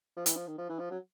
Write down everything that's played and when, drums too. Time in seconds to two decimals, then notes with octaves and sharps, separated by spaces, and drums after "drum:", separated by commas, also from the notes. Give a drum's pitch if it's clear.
0.16 F3
0.26 E3, drum: hi-hat
0.36 F3
0.47 D#3
0.58 F3
0.69 E3
0.79 F3
0.90 F#3